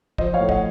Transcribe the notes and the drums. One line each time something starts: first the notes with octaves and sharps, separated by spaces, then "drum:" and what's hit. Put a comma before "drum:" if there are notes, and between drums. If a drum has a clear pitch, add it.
F3 C5 D#5, drum: kick
C#5 F5
A2
D#5 F#5, drum: kick